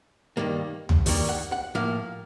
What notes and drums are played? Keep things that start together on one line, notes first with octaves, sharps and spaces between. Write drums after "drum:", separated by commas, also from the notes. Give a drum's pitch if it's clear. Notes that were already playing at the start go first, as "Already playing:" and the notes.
G2 D#3 G3 A#3
drum: tom
G2 D#3 G3 A#3, drum: open hi-hat
F#5
F#5
A2 F3 A#3 F5